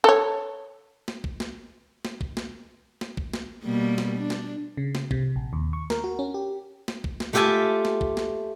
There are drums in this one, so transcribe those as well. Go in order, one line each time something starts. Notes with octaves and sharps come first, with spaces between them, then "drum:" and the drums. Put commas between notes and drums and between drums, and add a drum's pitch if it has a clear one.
A4 C#5
drum: snare
drum: kick
drum: snare
drum: snare
drum: kick
drum: snare
drum: snare
drum: kick
drum: snare
B2 G3 A#3
drum: snare
D4
drum: snare
C#3
drum: snare
C3, drum: kick
A#1
D#2
C#6
A#4, drum: snare
F#4
C#4
G4
drum: snare
drum: kick
drum: snare
A3 F4 G4 E5 G#5 A5
drum: snare
drum: kick
drum: snare